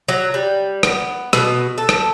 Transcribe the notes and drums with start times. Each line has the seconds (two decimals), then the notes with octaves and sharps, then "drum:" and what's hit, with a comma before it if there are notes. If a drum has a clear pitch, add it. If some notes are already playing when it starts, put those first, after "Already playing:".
0.09 F#3
0.34 G3
0.83 B3, drum: rim click
1.33 B2, drum: rim click
1.78 A4
1.89 drum: rim click